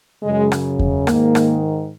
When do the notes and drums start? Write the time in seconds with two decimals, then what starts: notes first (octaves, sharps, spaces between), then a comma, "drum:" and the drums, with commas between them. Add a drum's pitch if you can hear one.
0.23 F#2 C#3 G#3
0.52 drum: rim click
0.79 drum: kick E2
1.07 G#2 D#3 A#3, drum: rim click
1.35 drum: rim click